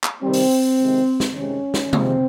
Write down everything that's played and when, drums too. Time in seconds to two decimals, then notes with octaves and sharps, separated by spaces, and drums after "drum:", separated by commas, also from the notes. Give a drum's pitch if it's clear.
0.04 drum: clap
0.22 C3 D#3 G3 C4
0.33 drum: open hi-hat
0.80 C3 D#3 G#3
1.20 drum: snare
1.36 C3 D#3 G#3 C#4
1.74 drum: snare
1.93 C3 F3 G#3 C4, drum: tom C3